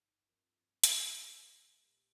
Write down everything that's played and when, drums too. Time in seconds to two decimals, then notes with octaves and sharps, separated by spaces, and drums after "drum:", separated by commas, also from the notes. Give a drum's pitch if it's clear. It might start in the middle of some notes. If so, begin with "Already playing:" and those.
Already playing: G1 G2 F3 D#4
0.28 G2 F3 C4 F4 A#4
0.84 drum: hi-hat
1.04 A#1 A#2 G3
1.79 A#1 A#2 A#3 G4 A#4